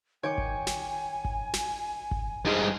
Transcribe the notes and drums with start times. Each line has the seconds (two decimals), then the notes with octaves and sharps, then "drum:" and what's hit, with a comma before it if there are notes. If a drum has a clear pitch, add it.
0.23 D#3 C#5 G5 G#5 D6
0.38 drum: kick G#1
0.67 drum: snare
1.25 drum: kick G#1
1.54 drum: snare
2.11 drum: kick G#1
2.45 G2 G#3 D#4 G#4 C5